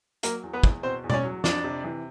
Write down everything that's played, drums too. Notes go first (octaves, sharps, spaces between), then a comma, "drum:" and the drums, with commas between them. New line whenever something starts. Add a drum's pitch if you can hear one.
F#3 A#3 A#4, drum: hi-hat
E2
B3 B4
E2, drum: kick
B2 C4 C5
E2
D5, drum: tom B2
C#4 C#5
F#3
F2 D4 D5, drum: snare
C3
E3